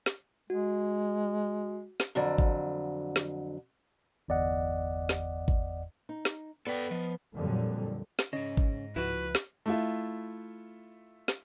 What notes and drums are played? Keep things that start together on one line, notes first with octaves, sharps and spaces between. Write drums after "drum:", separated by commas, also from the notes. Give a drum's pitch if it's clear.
drum: snare
G#3 F#4
drum: snare
F2 D3 F#3
drum: kick G#1
drum: snare
G1 E2 D5 D#5 F#5
drum: snare
drum: kick G#1
D#4
drum: snare
B3 A4 D5 G5
F3 D#5
F2 A#2 D3 F#3 G3
drum: snare
G#2 C#3 D#5
drum: kick G#1
C#2 F3 E4 F#4 B4
drum: snare
A3 E4 F4
drum: snare